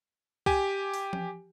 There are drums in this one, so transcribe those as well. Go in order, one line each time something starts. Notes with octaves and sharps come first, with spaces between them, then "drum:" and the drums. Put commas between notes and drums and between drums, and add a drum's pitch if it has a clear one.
G4 G#5, drum: kick C#2
drum: open hi-hat
drum: tom F3